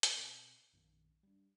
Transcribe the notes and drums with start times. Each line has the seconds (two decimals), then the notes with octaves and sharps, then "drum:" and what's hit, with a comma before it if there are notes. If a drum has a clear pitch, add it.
0.03 drum: hi-hat
0.15 B2 C4
0.73 A#1 F#2 D#3 A#3
1.23 G3 D4